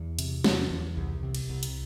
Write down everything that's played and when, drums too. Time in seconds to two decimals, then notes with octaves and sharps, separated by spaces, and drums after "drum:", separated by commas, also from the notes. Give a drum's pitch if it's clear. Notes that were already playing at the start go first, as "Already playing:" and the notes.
Already playing: E2
0.19 C3, drum: hi-hat
0.44 E2, drum: snare
0.71 E2
0.97 C2
1.23 C3
1.35 drum: cymbal
1.49 C2
1.63 drum: hi-hat